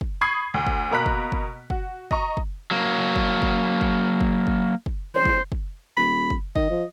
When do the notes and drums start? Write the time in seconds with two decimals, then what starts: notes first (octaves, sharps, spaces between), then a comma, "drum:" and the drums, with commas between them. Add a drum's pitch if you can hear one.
0.01 drum: kick
0.21 B5 C#6 D#6 G#6 C7
0.54 D2
0.67 drum: kick
0.91 B2 A#3 A#5 B5 F#6 B6
1.06 drum: kick
1.32 drum: kick
1.70 F#4, drum: kick
2.11 D#5 A#5 C#6, drum: kick
2.37 drum: kick
2.71 F#3 A#3
3.16 drum: kick
3.42 drum: kick
3.81 drum: kick
4.21 drum: kick
4.47 drum: kick
4.86 drum: kick
5.16 C5
5.25 drum: kick
5.52 drum: kick
5.97 D#1 B5
6.30 drum: kick
6.56 D#3 D#5, drum: kick
6.70 F3